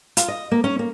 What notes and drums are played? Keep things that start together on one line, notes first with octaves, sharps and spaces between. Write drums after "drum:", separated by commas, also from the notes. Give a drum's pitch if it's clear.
F4, drum: hi-hat
D#5
A#3
C#4
A#3